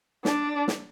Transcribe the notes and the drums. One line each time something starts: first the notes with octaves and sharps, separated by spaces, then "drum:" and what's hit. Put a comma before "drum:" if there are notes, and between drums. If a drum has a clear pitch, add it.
D4, drum: snare
drum: snare